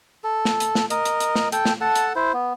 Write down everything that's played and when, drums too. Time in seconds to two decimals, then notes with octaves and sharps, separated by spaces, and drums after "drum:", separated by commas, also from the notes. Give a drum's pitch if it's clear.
0.24 A4
0.45 drum: snare
0.60 drum: hi-hat
0.75 drum: snare
0.90 A#4 D#5, drum: hi-hat
1.05 drum: hi-hat
1.20 drum: hi-hat
1.35 drum: snare
1.52 A4 G5, drum: hi-hat
1.65 drum: snare
1.81 A4 F#5 A5
1.96 drum: hi-hat
2.16 E4 C5
2.34 B3